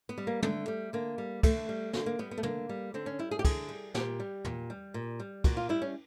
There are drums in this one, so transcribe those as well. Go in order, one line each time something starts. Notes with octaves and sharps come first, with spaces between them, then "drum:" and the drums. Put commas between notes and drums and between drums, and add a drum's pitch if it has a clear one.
B3
G3
A#3
D3 A3, drum: tom
G3
D3 A#3
G3
D3 A3, drum: kick, cymbal
G3
D3 A#3, drum: snare
A#3
G3 B3
B3
A3
D3 A#3, drum: tom
G3
D3 C4
C#4
G3 E4
G#4
G4
D3 G#4, drum: kick, cymbal
G3
A#2 G4, drum: snare
G3
A#2, drum: tom
G3
A#2
G3
A#2 F#4, drum: kick, cymbal
F4
G3 E4
C#4